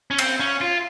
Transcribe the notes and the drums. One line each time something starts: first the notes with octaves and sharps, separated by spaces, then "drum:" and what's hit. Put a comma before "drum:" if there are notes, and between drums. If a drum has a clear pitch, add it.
C#4
C4, drum: cymbal
C#4
F4